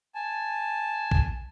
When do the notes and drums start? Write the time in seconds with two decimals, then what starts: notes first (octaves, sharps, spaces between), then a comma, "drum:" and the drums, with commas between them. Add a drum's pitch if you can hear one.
0.15 G#5 A5
1.11 drum: kick